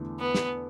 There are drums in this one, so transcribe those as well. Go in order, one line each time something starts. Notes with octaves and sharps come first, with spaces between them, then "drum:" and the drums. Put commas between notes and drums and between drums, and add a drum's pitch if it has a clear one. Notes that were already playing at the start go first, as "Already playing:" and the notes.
Already playing: E2 D3 A3
B3
drum: snare